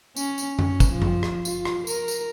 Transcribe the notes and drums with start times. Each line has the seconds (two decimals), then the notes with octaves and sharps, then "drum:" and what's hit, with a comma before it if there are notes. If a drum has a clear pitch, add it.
0.17 C#4, drum: tambourine
0.38 drum: tambourine
0.59 C#4, drum: tom F#2
0.80 drum: kick, tambourine
0.91 F3
1.02 drum: tom F#2
1.23 drum: rim click
1.45 F4, drum: tambourine
1.65 drum: rim click
1.87 A#4, drum: tambourine
2.08 drum: tambourine